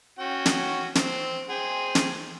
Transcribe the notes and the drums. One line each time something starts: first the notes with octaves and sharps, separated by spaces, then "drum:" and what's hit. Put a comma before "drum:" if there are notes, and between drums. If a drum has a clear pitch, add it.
C#4 F#4 G5
drum: snare
C4, drum: snare
G#4 C5 G5
drum: snare